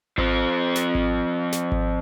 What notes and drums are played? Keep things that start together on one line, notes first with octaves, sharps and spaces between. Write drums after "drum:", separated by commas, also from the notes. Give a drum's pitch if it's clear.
F3 C4, drum: kick G#1
drum: snare
drum: kick G#1
drum: snare
drum: kick G#1